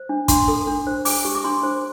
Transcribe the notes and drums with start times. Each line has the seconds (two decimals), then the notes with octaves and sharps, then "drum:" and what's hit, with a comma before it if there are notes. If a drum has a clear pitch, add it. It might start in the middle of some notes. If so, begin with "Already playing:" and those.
Already playing: C5
0.09 D4
0.28 D4 C6, drum: kick, hi-hat
0.48 A4
0.67 D4
0.87 C5
1.05 D4 D6, drum: open hi-hat
1.25 G4
1.35 D6
1.44 D4 C6
1.63 C5